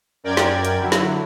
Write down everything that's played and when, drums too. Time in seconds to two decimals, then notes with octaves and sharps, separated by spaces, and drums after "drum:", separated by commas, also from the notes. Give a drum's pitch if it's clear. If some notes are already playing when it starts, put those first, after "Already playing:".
0.24 F#2 A#4 D5 G5 G#6
0.37 drum: snare
0.65 drum: hi-hat
0.80 D3 F#3 E4
0.92 drum: snare